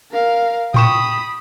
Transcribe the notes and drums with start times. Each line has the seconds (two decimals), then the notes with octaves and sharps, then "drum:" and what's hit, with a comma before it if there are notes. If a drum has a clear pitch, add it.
0.12 A#4 F5
0.74 G5 B5 C#6 D#6 E7, drum: tom A2